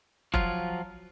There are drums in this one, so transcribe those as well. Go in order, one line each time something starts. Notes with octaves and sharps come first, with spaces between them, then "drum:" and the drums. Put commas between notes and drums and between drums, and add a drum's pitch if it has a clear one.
F3 F#3 F4, drum: kick F1